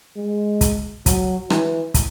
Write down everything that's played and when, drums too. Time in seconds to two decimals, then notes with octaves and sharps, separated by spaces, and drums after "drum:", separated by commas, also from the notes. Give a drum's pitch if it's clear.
0.17 G#3
0.61 drum: kick, hi-hat
1.06 F#3, drum: kick, hi-hat
1.50 E3, drum: rim click
1.94 drum: kick, hi-hat